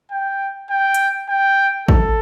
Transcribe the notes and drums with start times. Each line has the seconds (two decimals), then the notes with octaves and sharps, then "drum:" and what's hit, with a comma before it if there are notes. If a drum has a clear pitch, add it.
0.12 G5
0.70 G5
0.94 drum: hi-hat
1.29 G5
1.88 A4, drum: kick